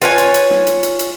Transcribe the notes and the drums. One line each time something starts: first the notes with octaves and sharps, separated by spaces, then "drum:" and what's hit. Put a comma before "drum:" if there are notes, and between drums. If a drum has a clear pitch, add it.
F4 B4 C#5 G#5, drum: hi-hat
drum: hi-hat
drum: hi-hat
drum: snare
drum: hi-hat
drum: hi-hat
drum: hi-hat